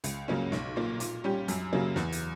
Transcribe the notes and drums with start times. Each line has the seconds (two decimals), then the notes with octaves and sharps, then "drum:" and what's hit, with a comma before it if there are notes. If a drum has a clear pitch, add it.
0.04 C#2, drum: hi-hat
0.28 C#3 F#3 A#3 C#4
0.52 B1, drum: snare
0.76 A#2 A#3
1.00 A#2, drum: hi-hat
1.24 G3 C#4 G4
1.48 F#2, drum: hi-hat
1.73 C#3 F#3 A#3
1.96 E2, drum: snare
2.12 drum: hi-hat